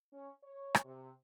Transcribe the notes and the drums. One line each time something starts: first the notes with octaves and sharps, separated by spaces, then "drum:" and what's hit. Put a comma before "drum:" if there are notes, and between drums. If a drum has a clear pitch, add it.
C#4
C#5
drum: rim click
C3